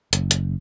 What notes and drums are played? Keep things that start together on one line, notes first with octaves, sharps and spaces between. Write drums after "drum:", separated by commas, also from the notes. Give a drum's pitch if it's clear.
F#1, drum: hi-hat
drum: hi-hat